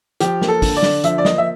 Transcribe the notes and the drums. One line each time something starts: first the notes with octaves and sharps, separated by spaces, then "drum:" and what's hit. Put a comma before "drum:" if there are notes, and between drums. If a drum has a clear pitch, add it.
F3 G4, drum: hi-hat
A#3, drum: snare
A4
D3, drum: kick, open hi-hat
D5
D3, drum: snare
F3 E5, drum: hi-hat
D5
A#3 D#5, drum: snare
E5